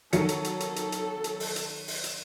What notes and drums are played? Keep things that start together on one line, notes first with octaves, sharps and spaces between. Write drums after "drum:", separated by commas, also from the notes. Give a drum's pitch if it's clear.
D#3 F#3 A4 C#7, drum: hi-hat
drum: hi-hat
drum: hi-hat
drum: hi-hat
drum: hi-hat
drum: hi-hat
drum: hi-hat
drum: open hi-hat
drum: hi-hat
drum: open hi-hat
drum: hi-hat